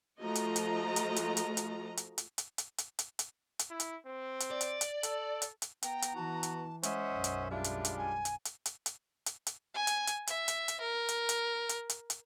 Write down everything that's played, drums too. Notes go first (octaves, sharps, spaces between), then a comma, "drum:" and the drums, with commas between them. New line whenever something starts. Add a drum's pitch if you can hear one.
F3 A3 F4 F#4 D#5 A#5
drum: hi-hat
drum: hi-hat
drum: hi-hat
drum: hi-hat
drum: hi-hat
drum: hi-hat
drum: hi-hat
drum: hi-hat
drum: hi-hat
drum: hi-hat
drum: hi-hat
drum: hi-hat
drum: hi-hat
drum: hi-hat
E4
drum: hi-hat
C4
drum: hi-hat
D5
drum: hi-hat
drum: hi-hat
A4, drum: hi-hat
drum: hi-hat
drum: hi-hat
B3 G5 A#5, drum: hi-hat
drum: hi-hat
E3 F#4 A5
drum: hi-hat
G#3 C#4 C5 D#5 E5 F#5, drum: hi-hat
B1 F#2
drum: hi-hat
G3 G#3 D4 F4 E5
drum: hi-hat
drum: hi-hat
G#5
drum: hi-hat
drum: hi-hat
drum: hi-hat
drum: hi-hat
drum: hi-hat
drum: hi-hat
G#5
drum: hi-hat
drum: hi-hat
E5, drum: hi-hat
drum: hi-hat
drum: hi-hat
A#4
drum: hi-hat
drum: hi-hat
drum: hi-hat
drum: hi-hat
drum: hi-hat